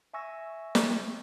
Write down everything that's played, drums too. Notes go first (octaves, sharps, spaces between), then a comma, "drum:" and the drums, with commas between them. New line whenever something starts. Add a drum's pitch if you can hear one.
E5 G#5 C#6 E6 A#6
drum: snare